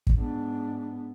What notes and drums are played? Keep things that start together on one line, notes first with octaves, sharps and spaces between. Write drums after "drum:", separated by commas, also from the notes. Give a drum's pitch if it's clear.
drum: kick
G#2 B3 D4